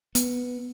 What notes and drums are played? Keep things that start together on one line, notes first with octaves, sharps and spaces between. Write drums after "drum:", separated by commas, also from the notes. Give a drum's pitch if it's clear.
B3, drum: hi-hat